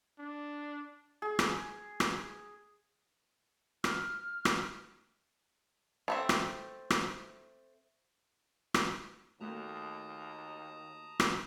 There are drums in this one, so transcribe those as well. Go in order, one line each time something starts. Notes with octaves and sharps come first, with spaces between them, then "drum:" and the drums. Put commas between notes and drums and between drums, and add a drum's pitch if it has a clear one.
D4
G#4
drum: rim click
drum: rim click
F6, drum: rim click
drum: rim click
A3 C4 E5
drum: rim click
drum: rim click
drum: rim click
D#2 A3 A#3 F#4 A5 A#5 D#6
drum: rim click